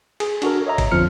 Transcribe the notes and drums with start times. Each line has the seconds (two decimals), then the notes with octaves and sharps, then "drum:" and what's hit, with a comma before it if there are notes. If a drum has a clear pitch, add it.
0.20 G#4, drum: cymbal
0.42 D4 F#4 A4 A#4, drum: cymbal
0.66 C#5 D#5 E5 A#5
0.78 drum: kick, cymbal
0.91 F2 D3 F3 F6 C#7